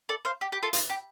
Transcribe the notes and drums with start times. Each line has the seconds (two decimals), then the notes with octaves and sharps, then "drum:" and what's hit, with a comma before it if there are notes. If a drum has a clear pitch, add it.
0.09 A4 D5
0.25 C5 F5
0.41 G4
0.52 G4
0.63 F4 A4
0.73 F4, drum: hi-hat
0.90 G4